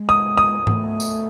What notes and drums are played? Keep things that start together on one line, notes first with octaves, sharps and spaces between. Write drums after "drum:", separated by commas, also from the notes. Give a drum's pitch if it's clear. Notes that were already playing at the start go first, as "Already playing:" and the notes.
Already playing: G#3
D#6
D#6
B3, drum: tom G#2
A3
drum: tambourine